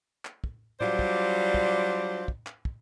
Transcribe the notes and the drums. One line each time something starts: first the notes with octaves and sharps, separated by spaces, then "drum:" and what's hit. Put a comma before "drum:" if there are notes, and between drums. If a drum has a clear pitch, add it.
drum: clap
drum: kick
F#3 G3 D4 F4 C5 D5, drum: tom A2
drum: kick
drum: kick
drum: kick
drum: clap
drum: kick